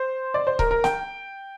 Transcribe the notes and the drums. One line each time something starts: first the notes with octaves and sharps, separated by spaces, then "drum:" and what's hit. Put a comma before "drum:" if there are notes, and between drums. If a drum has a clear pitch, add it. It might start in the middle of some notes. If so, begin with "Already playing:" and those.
Already playing: C5
D5
C5
A#4, drum: kick C#1
A#4
G5, drum: snare